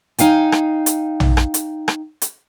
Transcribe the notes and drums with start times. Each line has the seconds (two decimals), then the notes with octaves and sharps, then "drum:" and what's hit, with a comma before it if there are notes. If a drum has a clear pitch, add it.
0.18 D#4 F5 G5 G#5, drum: hi-hat
0.52 drum: rim click
0.86 drum: hi-hat
1.20 drum: tom
1.37 drum: rim click
1.54 drum: hi-hat
1.88 drum: rim click
2.22 drum: hi-hat